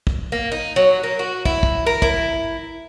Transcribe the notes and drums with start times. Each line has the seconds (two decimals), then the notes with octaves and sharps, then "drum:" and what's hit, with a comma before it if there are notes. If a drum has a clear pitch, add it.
0.07 drum: kick
0.32 A#3
0.52 D#4
0.76 F#3
1.03 A#3
1.19 F#4
1.45 E4, drum: kick
1.63 drum: kick
1.86 A#4
2.02 E4, drum: kick